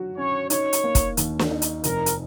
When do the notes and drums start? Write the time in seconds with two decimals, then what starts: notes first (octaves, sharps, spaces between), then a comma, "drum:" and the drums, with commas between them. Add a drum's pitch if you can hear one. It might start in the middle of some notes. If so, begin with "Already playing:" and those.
Already playing: F#3 F#4
0.17 C#4 C#5
0.50 D#4 C#5, drum: hi-hat
0.73 drum: hi-hat
0.84 A#3
0.95 drum: kick, hi-hat
1.17 D#2, drum: hi-hat
1.39 drum: snare
1.50 D#4
1.62 drum: hi-hat
1.84 F1 A#4, drum: hi-hat
2.06 drum: hi-hat